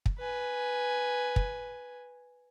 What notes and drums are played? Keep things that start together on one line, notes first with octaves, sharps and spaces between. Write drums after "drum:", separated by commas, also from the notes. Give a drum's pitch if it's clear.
drum: kick
B4 G#5
drum: kick